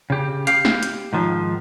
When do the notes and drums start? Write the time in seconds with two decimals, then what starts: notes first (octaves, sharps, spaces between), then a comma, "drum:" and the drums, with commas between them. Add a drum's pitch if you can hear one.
0.10 C#3 G4
0.47 G4 F5, drum: hi-hat
0.65 drum: snare
0.83 drum: hi-hat
1.13 G#2 D#3 F3